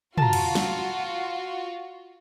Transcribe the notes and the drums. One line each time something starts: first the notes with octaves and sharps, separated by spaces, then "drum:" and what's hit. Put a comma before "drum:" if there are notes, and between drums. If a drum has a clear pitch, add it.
F4 F#4 A5 A#5, drum: tom
drum: cymbal
drum: snare